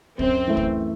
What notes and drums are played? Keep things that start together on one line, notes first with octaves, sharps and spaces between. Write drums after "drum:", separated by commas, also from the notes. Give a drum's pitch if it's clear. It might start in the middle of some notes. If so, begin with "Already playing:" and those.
F#2 C4, drum: kick
E3 A3
drum: kick